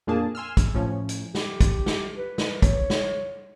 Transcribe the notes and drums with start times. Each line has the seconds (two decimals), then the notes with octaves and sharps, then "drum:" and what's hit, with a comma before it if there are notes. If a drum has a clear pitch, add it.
0.07 F2 A#2 A#3 D4 G#4 A5
0.35 G#5 C6 E6 F6
0.57 drum: kick, hi-hat
0.74 A2 F3 C#4
1.09 drum: hi-hat
1.35 G4, drum: snare
1.61 drum: kick, hi-hat
1.86 drum: snare
2.17 B4
2.38 drum: snare
2.62 C#5, drum: kick, hi-hat
2.90 drum: snare